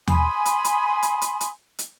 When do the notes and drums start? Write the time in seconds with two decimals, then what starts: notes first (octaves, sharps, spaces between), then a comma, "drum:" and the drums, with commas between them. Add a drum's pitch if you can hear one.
0.07 G#5 B5 C6 D#6, drum: tom D#2
0.45 drum: hi-hat
0.64 drum: hi-hat
1.03 drum: hi-hat
1.22 drum: hi-hat
1.41 drum: hi-hat
1.79 drum: hi-hat